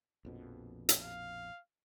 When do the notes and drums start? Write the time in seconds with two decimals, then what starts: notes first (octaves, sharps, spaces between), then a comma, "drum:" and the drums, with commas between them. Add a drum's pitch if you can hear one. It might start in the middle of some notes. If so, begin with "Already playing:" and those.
0.25 A#1 F2 B2
0.89 drum: hi-hat
1.03 F5